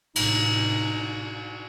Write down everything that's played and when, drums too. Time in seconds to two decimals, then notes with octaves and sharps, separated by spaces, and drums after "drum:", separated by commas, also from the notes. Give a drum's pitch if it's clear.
0.16 A1 C3 D#4, drum: cymbal